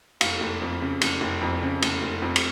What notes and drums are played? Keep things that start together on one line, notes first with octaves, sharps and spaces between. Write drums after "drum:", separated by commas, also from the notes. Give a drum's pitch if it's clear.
F1 F5, drum: cymbal
F1
F2
C#3
F1, drum: cymbal
F1
F2
C#3
F1, drum: cymbal
F1
F2
drum: cymbal